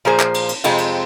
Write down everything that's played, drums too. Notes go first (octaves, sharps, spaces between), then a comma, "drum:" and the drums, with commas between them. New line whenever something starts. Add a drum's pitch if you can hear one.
A#2 F3 A#3 G#4 C5
drum: clap
drum: cymbal
drum: cymbal
F2 C3 G#3 C4 F4, drum: cymbal
drum: cymbal